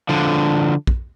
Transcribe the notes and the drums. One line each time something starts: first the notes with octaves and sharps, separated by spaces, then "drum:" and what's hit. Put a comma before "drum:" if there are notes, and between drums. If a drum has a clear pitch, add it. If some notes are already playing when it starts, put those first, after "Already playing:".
D3 F3
drum: kick